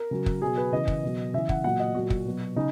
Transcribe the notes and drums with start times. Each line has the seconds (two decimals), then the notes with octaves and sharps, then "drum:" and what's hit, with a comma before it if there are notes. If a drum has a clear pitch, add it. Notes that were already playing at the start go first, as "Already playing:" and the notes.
Already playing: A#4
0.11 C#3 F#3
0.26 drum: kick
0.42 B2 F#3 G#4
0.58 B4
0.72 C#3 E3 D#5
0.88 drum: kick
1.03 B2 F#3
1.34 C#3 E3 E5
1.49 F#5, drum: kick
1.64 A#2 F#3 F#5
1.80 D#5
1.95 A#2 F#3 F#4
2.10 drum: kick
2.26 B2 F#3
2.56 C#3 D#4